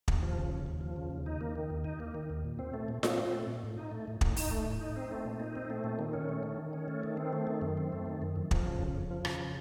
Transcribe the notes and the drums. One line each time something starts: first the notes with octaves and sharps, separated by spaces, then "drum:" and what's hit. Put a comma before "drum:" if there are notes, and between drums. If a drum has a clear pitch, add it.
D#2, drum: kick
F3
C#3
D#2
D#2
F3
C#3
D#2
D#4
A#3
D#3
D#2
D#4
A#3
D#3
D#2
A#2
C4
A3
A#2
A#2, drum: snare F4
C4
A3
A#2
A2
D#4
A3
A2
A2, drum: kick
D#4, drum: open hi-hat
A3
A2
D#4
C4
A3
A#2
D#4
C4
A3
A#2
D#3
C#4
A3
D#3
D#3
C#4
A3
D#3
C4
A3
D#3
F#2
C4
A3
D#3
F#2
F2
F3, drum: kick
C#3
F2
F2
F3
C#3, drum: rim click